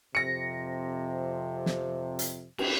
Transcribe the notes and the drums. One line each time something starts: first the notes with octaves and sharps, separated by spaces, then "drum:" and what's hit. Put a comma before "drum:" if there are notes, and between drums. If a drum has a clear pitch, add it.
F2 C3 A#6 C#7
drum: snare
drum: hi-hat
drum: cymbal